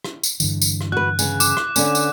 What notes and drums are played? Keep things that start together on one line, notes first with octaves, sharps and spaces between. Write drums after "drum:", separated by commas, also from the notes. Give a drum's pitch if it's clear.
drum: rim click
drum: tambourine
G2 D3 E3, drum: tambourine
drum: tambourine
drum: rim click
F#4 B4 F#6
C#3 B3, drum: tambourine
D6, drum: tambourine
drum: rim click
D3 B3 C#4, drum: tambourine
drum: tambourine